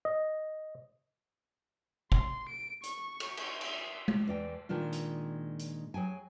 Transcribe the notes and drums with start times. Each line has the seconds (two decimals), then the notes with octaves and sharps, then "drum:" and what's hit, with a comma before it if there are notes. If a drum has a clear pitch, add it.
0.05 D#5
2.12 C6, drum: kick
2.49 D7
2.83 C#6, drum: hi-hat
3.20 drum: cymbal
3.37 drum: cymbal
3.61 E5, drum: cymbal
4.08 drum: tom G#3
4.27 E2 D5 G5
4.69 A#2 D#3 G#3 D4 F4
4.93 drum: hi-hat
5.59 drum: hi-hat
5.94 F#3 G#4 G5 G#5